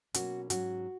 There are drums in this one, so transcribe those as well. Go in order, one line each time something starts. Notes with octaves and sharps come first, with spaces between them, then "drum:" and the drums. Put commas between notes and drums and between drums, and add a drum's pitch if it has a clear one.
B2 F#3 A#3 C#4 F#4, drum: hi-hat
G#2 F#3 C#4 F#4, drum: hi-hat